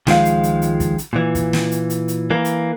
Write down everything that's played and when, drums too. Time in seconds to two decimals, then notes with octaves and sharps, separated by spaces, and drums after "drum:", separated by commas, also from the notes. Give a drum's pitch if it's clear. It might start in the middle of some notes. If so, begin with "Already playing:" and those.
0.07 C#2 D#3 F3 G#3 F5, drum: snare
0.25 drum: hi-hat
0.43 drum: hi-hat
0.62 drum: hi-hat
0.80 drum: kick, hi-hat
0.98 drum: hi-hat
1.13 A#2 E3
1.35 drum: kick, hi-hat
1.53 drum: snare
1.71 drum: hi-hat
1.90 drum: hi-hat
2.08 drum: hi-hat
2.30 E3 A#3
2.45 drum: hi-hat